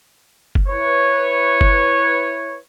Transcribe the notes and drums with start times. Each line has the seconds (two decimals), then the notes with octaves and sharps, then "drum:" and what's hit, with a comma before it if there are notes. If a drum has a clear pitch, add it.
0.55 drum: kick F#1
0.69 E4 B4 C#5
1.61 drum: kick F#1